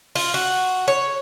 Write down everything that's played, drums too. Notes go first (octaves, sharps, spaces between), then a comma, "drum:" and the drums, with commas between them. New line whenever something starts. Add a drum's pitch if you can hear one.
F4, drum: open hi-hat
F#4
C#5